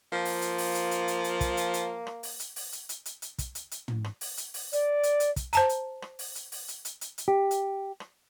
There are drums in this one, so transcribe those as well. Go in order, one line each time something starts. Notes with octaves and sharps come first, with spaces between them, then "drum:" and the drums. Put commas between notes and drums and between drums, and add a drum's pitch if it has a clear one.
F3 A#3
drum: open hi-hat
drum: hi-hat
drum: open hi-hat
drum: hi-hat
drum: hi-hat
drum: hi-hat
drum: hi-hat
drum: kick, hi-hat
drum: hi-hat
drum: hi-hat
drum: rim click
drum: open hi-hat
drum: hi-hat
drum: open hi-hat
drum: hi-hat
drum: hi-hat
drum: hi-hat
drum: hi-hat
drum: kick, hi-hat
drum: hi-hat
drum: hi-hat
drum: tom
drum: rim click
drum: open hi-hat
drum: hi-hat
drum: open hi-hat
D5, drum: hi-hat
drum: hi-hat
drum: hi-hat
drum: kick, hi-hat
C5 A5 A#5, drum: hi-hat
drum: hi-hat
drum: rim click
drum: open hi-hat
drum: hi-hat
drum: open hi-hat
drum: hi-hat
drum: hi-hat
drum: hi-hat
drum: hi-hat
G4
drum: hi-hat
drum: rim click